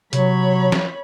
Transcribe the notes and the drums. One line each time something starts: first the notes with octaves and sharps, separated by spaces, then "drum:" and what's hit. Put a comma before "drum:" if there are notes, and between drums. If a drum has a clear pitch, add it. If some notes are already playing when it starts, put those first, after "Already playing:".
C3 F#3 C#5 B5, drum: hi-hat
drum: snare